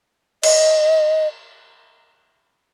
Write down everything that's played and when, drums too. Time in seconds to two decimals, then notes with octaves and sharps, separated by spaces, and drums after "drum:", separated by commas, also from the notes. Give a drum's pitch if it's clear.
0.43 D#5, drum: cymbal